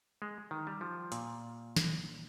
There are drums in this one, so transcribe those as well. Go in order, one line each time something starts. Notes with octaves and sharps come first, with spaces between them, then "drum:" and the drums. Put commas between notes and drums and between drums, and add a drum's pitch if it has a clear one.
G#3
D#3
G3
F3
A#2, drum: hi-hat
drum: snare